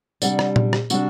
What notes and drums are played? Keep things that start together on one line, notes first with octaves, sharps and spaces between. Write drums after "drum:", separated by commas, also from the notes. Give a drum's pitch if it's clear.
C3 G3 D4 D5 F#5, drum: tambourine
drum: rim click
drum: tom A#2
drum: rim click
C3 G3 D4 F#4, drum: tambourine